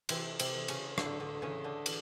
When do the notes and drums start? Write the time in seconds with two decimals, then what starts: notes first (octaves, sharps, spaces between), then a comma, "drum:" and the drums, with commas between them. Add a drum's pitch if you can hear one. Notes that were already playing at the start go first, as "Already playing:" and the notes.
0.09 C3 E3 C4, drum: cymbal
0.39 C3 C4, drum: cymbal
0.54 E3
0.68 C#3 C#4, drum: cymbal
0.98 A2 D3 D4, drum: rim click
1.20 D3 D4
1.42 C#3 E3 C#4
1.64 D3 D4
1.86 E3, drum: cymbal